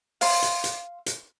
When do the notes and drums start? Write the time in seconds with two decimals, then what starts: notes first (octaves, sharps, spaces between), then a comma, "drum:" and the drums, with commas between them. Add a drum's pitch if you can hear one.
0.21 F5 C6, drum: open hi-hat
0.42 drum: hi-hat
0.64 drum: hi-hat
1.06 drum: hi-hat